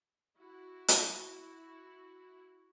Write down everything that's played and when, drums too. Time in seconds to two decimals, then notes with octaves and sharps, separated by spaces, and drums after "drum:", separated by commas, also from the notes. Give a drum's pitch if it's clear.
0.39 E4 F#4
0.88 drum: hi-hat